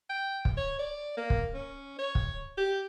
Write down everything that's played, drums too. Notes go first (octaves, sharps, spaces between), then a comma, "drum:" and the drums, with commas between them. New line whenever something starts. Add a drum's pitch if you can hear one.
G5
drum: kick
C#5
D5
A#3
drum: kick
C#4
C#5
drum: kick
G4